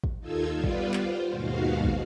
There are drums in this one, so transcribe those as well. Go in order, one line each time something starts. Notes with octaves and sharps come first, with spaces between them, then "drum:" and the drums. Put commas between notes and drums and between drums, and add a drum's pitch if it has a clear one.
drum: kick
D#2 D#4 F4 A4 E6 G#6
G3 B3 F4 B4 D5
drum: kick
F4 C5, drum: clap
D#2 G#2 B2 F#4 F5
drum: kick